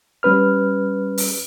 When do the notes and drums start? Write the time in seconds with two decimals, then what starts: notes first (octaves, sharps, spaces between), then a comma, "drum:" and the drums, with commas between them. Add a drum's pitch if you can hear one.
0.23 G3 C#4 B4 F6
1.18 drum: open hi-hat